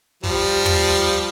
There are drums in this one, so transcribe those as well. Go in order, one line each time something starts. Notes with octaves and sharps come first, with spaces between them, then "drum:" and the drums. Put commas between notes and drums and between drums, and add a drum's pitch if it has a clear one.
F3 G3, drum: kick
drum: tom